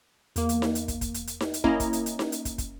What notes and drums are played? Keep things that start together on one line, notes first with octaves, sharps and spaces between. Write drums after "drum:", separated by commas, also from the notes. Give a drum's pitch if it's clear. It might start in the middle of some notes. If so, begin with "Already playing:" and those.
E2 A#3, drum: hi-hat
drum: hi-hat
drum: snare D#4
drum: hi-hat
drum: kick, hi-hat
drum: kick, hi-hat
drum: hi-hat
drum: hi-hat
drum: snare D#4
drum: hi-hat
A#3 C#4 E4 D#5 G#5 A#5, drum: kick
drum: kick, hi-hat
drum: hi-hat
drum: hi-hat
drum: snare D#4
drum: hi-hat
drum: kick, hi-hat
drum: kick, hi-hat